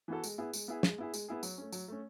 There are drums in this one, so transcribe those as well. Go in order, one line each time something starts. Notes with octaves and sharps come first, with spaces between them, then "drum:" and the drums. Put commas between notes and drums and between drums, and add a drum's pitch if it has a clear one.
E3 B3 F#4 A4
G#3, drum: tambourine
B3 E4 G#4
G#3, drum: tambourine
B3 E4 G#4
G#3, drum: snare
B3 E4 G#4
G#3, drum: tambourine
B3 E4 G#4
F#3, drum: tambourine
A3 C#4
F#3, drum: tambourine
A3 C#4